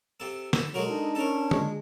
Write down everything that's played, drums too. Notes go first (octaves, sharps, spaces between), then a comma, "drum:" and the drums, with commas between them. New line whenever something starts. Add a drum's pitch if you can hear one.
C3 A4
A4, drum: snare
B2 F#3 G#3 F#4 A4 A#4
D4 D#4
C#4 A4 A#4
G#3, drum: tom D3